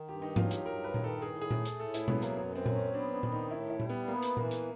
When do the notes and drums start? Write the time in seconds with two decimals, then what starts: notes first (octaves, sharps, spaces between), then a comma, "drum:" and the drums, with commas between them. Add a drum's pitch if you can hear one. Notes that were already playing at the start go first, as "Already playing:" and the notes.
Already playing: D#3
0.08 G2 G4
0.22 D#4
0.36 F#3 F4, drum: tom G#2
0.51 G4, drum: hi-hat
0.66 G2 A#4
0.84 B4
0.94 D#3, drum: tom A#2
1.04 A4
1.22 A2 G#4
1.41 G#4
1.51 A3, drum: tom A#2
1.65 drum: hi-hat
1.80 A2 A4
1.94 E4, drum: hi-hat
2.08 F#3 B3, drum: tom B2
2.22 A#3, drum: hi-hat
2.36 F#2 B3
2.56 C4
2.66 F#3, drum: tom A#2
2.76 C#4
2.94 B3 D4
3.14 D4
3.23 D#3, drum: tom A#2
3.32 D#4
3.51 A2 E4
3.70 E4
3.80 G3, drum: tom A#2
3.89 B3
4.08 A#3 B3
4.23 drum: hi-hat
4.37 E3 A#3, drum: tom A#2
4.51 drum: hi-hat